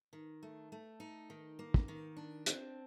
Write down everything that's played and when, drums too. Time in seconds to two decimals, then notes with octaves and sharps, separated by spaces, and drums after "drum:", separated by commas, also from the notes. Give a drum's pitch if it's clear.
0.13 D#3
0.43 A3
0.72 A3
1.00 D#4
1.30 D#3
1.59 A#3
1.74 drum: kick
1.88 D#3
2.17 D4
2.46 C4, drum: hi-hat